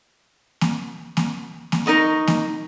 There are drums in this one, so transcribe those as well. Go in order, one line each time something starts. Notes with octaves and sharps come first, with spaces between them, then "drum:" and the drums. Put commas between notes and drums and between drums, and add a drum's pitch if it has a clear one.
drum: snare A#3
drum: snare A#3
drum: snare A#3
D#4 A#4 D#5 C#6
drum: snare A#3